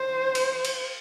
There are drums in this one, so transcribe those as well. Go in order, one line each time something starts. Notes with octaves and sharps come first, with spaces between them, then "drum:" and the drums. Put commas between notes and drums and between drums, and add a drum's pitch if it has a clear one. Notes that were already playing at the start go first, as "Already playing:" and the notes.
Already playing: C5
drum: cymbal
drum: cymbal